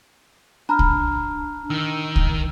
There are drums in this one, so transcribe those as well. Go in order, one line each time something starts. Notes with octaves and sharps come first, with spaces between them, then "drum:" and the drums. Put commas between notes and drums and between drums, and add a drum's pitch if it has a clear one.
D4 A#5 B5 F6
drum: kick C2
D#3 E6
drum: kick C2